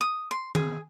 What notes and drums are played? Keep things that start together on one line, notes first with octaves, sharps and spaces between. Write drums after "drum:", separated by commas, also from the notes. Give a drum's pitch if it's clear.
D#6
C6
G#4, drum: tom D#3